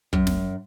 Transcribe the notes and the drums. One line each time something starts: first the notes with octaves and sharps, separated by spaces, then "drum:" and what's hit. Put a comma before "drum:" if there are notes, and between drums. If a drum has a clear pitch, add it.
F#2, drum: kick
drum: snare